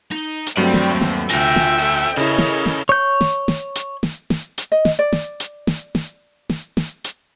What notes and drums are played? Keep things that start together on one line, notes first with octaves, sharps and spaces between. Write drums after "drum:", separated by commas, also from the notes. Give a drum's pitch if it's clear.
D#4
drum: hi-hat
G2 F#3 A3 C4 D5 G5
drum: snare
D#2
drum: snare
D2 F4 E5 G5 G#5 A#6, drum: hi-hat
drum: snare
A4 C5
C#3 E4 A4 A#4 C#5 D#5
drum: snare
drum: snare
C#5 G6
drum: snare
drum: snare
drum: hi-hat
drum: snare
drum: snare
drum: hi-hat
D#5
drum: snare
D5
drum: snare
drum: hi-hat
drum: snare
drum: snare
drum: snare
drum: snare
drum: hi-hat